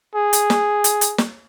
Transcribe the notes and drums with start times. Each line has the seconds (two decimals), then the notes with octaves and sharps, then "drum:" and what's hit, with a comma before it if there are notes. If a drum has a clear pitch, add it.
0.16 G#4
0.33 drum: hi-hat
0.50 drum: snare
0.84 drum: hi-hat
1.01 drum: hi-hat
1.18 drum: snare